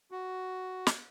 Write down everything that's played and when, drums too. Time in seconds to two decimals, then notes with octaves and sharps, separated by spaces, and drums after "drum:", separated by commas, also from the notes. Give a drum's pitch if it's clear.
0.11 F#4
0.87 drum: snare